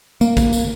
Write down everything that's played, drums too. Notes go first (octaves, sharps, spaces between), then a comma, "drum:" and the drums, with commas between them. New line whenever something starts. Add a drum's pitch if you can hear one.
A#3, drum: tambourine
drum: kick, tambourine
drum: tambourine